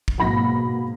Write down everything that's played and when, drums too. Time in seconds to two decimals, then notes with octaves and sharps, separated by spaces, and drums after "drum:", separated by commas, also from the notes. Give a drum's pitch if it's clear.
0.08 drum: kick
0.18 G#2 B2 F#3 A#3 B5 A#6